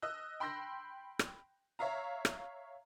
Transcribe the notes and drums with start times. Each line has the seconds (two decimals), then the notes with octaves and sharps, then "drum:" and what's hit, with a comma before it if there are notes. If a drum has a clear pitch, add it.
0.02 D#5 E6 F#6
0.40 G5 B5 C6 E6 G6 A#6
1.19 drum: rim click
1.79 C#5 E5 F5 A#5
2.25 drum: rim click